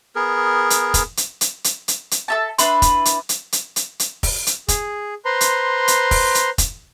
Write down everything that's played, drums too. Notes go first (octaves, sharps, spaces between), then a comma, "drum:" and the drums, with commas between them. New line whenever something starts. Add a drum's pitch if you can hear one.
B3 G#4 A#4
drum: hi-hat
drum: kick F1, hi-hat
drum: hi-hat
drum: hi-hat
drum: hi-hat
drum: hi-hat
drum: hi-hat
A4 E5 A5
D4 E4 B4 C6, drum: hi-hat
drum: kick F1, hi-hat
drum: hi-hat
drum: hi-hat
drum: hi-hat
drum: hi-hat
drum: hi-hat
drum: kick F1, open hi-hat
drum: hi-hat
G#4, drum: kick F1, hi-hat
B4 C5 A#5 C6
drum: hi-hat
drum: hi-hat
drum: kick F1, open hi-hat
drum: hi-hat
drum: kick F1, hi-hat